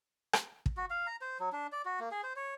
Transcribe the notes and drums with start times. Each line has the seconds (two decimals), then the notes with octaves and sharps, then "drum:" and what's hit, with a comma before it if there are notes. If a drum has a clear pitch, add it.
0.33 drum: rim click
0.66 drum: kick
0.77 F#4
0.90 F5
1.07 A#5
1.21 C5
1.40 F#3
1.52 D4
1.72 D5
1.85 F#4
2.00 A#3
2.11 G#4
2.24 C5
2.36 C#5